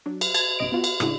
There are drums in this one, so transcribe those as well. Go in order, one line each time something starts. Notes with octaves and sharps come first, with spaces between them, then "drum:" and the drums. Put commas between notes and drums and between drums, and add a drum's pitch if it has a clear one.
F#3 D4
drum: cymbal
A5 G#6, drum: cymbal
A#1 G2 C3 D#5 D7
B3 F4 F#4
drum: cymbal
A2 C#3 G#3 D4 E4 F#4, drum: rim click